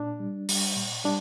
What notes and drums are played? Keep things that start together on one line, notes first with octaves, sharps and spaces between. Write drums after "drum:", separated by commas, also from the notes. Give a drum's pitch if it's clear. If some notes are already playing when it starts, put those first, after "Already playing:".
Already playing: A#2 D4
G3
G3, drum: open hi-hat
A#2
G3 D4